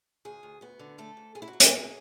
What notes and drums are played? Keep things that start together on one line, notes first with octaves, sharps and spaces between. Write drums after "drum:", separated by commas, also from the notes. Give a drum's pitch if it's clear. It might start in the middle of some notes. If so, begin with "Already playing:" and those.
D2 G#4
D2
D2 B3
D3
A3 A4
G#2
G#2 G#4
E4
F#4
F#3
E4, drum: hi-hat
A2 G#4